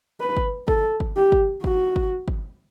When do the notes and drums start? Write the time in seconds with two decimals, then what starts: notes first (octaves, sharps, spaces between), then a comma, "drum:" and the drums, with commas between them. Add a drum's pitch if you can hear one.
0.20 B4
0.37 drum: kick
0.68 A4, drum: kick
1.00 drum: kick
1.17 G4
1.32 drum: kick
1.64 F#4, drum: kick
1.96 drum: kick
2.28 drum: kick